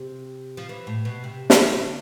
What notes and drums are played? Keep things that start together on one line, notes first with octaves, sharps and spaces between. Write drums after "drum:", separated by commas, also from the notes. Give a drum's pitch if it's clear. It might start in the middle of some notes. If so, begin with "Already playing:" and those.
Already playing: C3
F3
E3
A2
B2
C3
drum: snare
D3